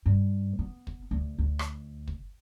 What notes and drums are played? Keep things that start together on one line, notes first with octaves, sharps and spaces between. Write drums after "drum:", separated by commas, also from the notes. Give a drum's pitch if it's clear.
G2
B3
drum: kick
D2
D2
drum: rim click
drum: kick